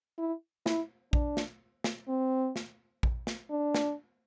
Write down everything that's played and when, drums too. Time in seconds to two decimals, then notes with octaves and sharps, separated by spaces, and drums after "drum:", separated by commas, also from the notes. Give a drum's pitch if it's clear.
0.18 E4
0.66 E4, drum: snare
1.13 D4, drum: kick A#1
1.37 drum: snare
1.84 drum: snare
2.08 C4
2.56 drum: snare
3.03 drum: kick A#1
3.27 drum: snare
3.50 D4
3.74 drum: snare